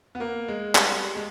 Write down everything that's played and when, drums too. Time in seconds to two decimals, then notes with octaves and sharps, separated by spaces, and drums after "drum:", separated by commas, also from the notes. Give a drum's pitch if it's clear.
0.15 B3
0.20 A#3
0.48 G#3
0.75 G3, drum: clap
1.16 G#3